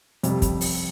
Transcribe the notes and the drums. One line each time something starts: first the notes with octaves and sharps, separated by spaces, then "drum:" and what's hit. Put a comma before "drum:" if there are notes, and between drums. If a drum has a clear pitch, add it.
F2 C3 G3, drum: hi-hat
drum: kick, hi-hat
drum: open hi-hat